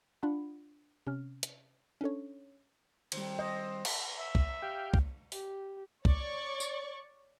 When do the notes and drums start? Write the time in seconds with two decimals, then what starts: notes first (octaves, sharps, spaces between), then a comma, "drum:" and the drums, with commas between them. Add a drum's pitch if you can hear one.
0.23 D4 F4 F#5 B5
1.07 C3 C#4 F6
1.43 drum: hi-hat
2.01 C#4 D4 A4 C#5
3.12 D#3 G3 C4, drum: cymbal
3.39 C5 D#5
3.85 drum: cymbal
4.17 E5
4.35 drum: kick
4.62 G4 F5 G5
4.94 drum: kick
5.32 G4, drum: open hi-hat
6.05 C#5 D5 C#6, drum: kick
6.60 drum: tambourine